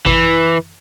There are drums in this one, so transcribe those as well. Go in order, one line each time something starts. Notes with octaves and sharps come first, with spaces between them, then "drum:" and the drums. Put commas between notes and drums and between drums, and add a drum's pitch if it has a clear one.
E3, drum: kick G#1